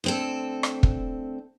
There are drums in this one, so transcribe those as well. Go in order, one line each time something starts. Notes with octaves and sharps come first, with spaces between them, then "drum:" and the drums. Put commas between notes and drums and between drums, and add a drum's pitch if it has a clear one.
D2 C4 A4
drum: rim click
drum: kick